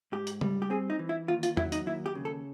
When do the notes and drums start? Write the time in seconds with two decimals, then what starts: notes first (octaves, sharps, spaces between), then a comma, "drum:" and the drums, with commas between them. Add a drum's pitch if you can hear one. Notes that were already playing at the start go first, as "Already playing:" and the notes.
0.12 G#2 G4
0.27 drum: hi-hat
0.41 G3, drum: tom C#3
0.62 G4
0.70 C4 G#4
0.90 D#4
0.99 E3
1.09 E4
1.28 D#2 F4
1.43 F4, drum: hi-hat
1.57 F#3 E4, drum: tom E2
1.72 D#4, drum: hi-hat
1.86 D#2 E4
2.06 G4
2.15 C#3
2.25 A4